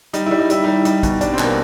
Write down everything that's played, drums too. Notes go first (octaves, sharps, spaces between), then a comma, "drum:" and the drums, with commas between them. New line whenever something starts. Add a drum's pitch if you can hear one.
G3 D#4, drum: hi-hat
G3 E4
D#4
G3 E4, drum: hi-hat
G3 D#4
G3 D#4, drum: hi-hat
B2, drum: kick, hi-hat
G3 D4, drum: hi-hat
C4
B2, drum: clap
A#3